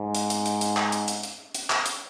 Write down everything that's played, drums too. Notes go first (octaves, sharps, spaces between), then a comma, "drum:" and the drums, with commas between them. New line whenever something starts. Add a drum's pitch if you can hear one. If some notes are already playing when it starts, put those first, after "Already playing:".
Already playing: G#2
drum: hi-hat
drum: hi-hat
drum: hi-hat
drum: hi-hat
drum: clap
drum: hi-hat
drum: hi-hat
drum: hi-hat
drum: hi-hat
drum: clap
drum: hi-hat